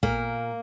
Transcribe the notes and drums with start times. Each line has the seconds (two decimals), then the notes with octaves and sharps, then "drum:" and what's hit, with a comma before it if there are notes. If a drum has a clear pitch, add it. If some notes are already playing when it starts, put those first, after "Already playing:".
0.03 A#2 A#3, drum: kick